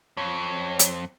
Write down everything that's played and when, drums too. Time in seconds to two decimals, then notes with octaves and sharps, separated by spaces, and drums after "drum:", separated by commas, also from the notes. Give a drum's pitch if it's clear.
0.17 F2 C#5
0.79 drum: hi-hat